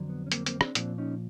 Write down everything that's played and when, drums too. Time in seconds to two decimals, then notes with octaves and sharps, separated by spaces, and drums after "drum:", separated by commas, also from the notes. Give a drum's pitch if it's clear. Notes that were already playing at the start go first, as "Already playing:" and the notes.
Already playing: F2 D3 F#3
0.09 B3
0.27 C#4
0.32 A#3 C4, drum: hi-hat
0.46 A#3 C4, drum: hi-hat
0.61 C4 D4, drum: rim click
0.75 A#2 F3 C4 D4, drum: hi-hat
0.98 C#4 D#4